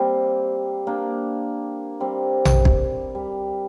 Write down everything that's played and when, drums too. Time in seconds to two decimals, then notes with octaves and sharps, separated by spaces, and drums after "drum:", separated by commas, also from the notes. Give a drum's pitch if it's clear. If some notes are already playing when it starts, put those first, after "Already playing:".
Already playing: G3 A#3 C4
0.87 A#3 D4
2.00 G3 C4
2.45 drum: tom A#1
2.65 drum: kick
3.15 G3